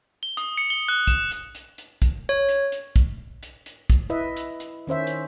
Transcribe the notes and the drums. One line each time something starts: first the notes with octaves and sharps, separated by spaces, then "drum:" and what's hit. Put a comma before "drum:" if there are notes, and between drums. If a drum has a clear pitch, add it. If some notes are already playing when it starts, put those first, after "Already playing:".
G7
D#6, drum: hi-hat
C#7
G7
F#6
E7, drum: kick, hi-hat
drum: hi-hat
drum: hi-hat
drum: hi-hat
drum: kick, hi-hat
C#5
drum: hi-hat
drum: hi-hat
drum: kick, hi-hat
drum: hi-hat
drum: hi-hat
drum: kick, hi-hat
E4 B4 D#5 E5
drum: hi-hat
drum: hi-hat
D#3 C#4 C5 E5
drum: hi-hat